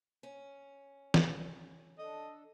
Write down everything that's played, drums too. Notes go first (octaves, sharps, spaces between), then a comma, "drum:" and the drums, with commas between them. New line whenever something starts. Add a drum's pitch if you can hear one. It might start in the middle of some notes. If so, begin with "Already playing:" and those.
C#4
drum: snare
D4 A4 D#5